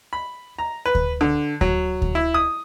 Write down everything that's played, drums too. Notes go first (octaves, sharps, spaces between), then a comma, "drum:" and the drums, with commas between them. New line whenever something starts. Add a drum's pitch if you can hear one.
B5
A#5
B4
drum: kick D2
D3
F#3, drum: kick D2
drum: kick D2
E4
D#6